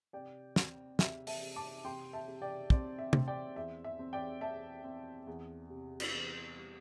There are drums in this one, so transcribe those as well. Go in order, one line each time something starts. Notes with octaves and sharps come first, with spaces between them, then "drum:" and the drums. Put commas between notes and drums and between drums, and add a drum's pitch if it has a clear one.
C3 D5 G5
C4, drum: snare
C3 E5, drum: snare
E5 A5, drum: open hi-hat
C3
A5 D6
C3 G5 C6
E5 A5
C3
D5 G5
C4 D5, drum: kick
E5
C4, drum: tom
D5 G5
E2 E5
E5
C4
D5 G5
C4 E5 A5
C4
E2
C3
drum: cymbal
E2
G3